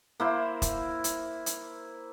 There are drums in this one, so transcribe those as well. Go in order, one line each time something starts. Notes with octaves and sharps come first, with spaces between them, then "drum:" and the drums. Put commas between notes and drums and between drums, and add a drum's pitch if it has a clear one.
A#3 E4 C5
drum: kick F1, hi-hat
drum: hi-hat
drum: hi-hat